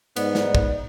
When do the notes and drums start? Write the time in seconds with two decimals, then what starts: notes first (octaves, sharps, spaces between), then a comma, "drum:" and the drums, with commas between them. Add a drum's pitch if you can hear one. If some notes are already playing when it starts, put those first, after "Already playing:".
0.16 G#2 B3 D#4 D5, drum: cymbal
0.35 drum: snare
0.55 drum: kick